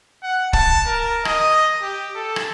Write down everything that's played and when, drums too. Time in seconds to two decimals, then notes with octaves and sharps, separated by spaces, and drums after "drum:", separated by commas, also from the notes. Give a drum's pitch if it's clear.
0.23 F#5
0.53 A5, drum: kick
0.87 A#4
1.25 D#5, drum: rim click
1.82 G4
2.15 A4
2.36 drum: rim click